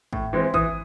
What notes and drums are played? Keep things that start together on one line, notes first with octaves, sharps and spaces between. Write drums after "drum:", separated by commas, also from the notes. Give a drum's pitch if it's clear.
A2, drum: kick
E3 G#3 C4
E3 D#6, drum: kick